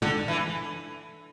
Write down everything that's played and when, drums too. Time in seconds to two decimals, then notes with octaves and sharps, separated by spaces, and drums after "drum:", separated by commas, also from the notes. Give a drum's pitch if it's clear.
0.02 D3, drum: tom
0.28 E3